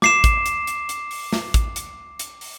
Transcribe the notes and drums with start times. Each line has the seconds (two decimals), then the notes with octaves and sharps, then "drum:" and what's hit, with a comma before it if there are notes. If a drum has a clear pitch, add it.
0.02 D6 C7 E7, drum: snare
0.24 drum: kick, hi-hat
0.46 drum: hi-hat
0.67 drum: hi-hat
0.89 drum: hi-hat
1.11 drum: open hi-hat
1.33 drum: snare
1.54 drum: kick, hi-hat
1.76 drum: hi-hat
2.19 drum: hi-hat
2.41 drum: open hi-hat